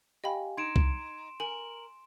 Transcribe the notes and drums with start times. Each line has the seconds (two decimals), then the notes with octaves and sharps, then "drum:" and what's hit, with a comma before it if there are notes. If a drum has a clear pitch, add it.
0.24 G4 D#5 F5 G5 G#5 B5
0.57 D#4 C6 G#6 D7 E7
0.76 drum: kick C2
1.40 A#4 G#5 F#7